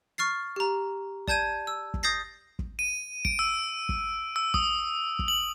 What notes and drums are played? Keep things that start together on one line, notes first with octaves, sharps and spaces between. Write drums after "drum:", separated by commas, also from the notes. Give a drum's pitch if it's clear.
C#6 F6 A6 C7
G4 A#5
D5 A5 G6 G#6 D#7, drum: kick
E6
drum: kick
D#6 G6 A6 A#6 C7
drum: kick
D#7
D7, drum: kick
E6
drum: kick
E6
D#6, drum: kick
drum: kick
F#7